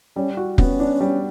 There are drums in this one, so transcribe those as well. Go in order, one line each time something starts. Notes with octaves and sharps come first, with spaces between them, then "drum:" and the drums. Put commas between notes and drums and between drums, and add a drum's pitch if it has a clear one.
G3 C#4
F#4
B3 C#4, drum: kick
D4
G3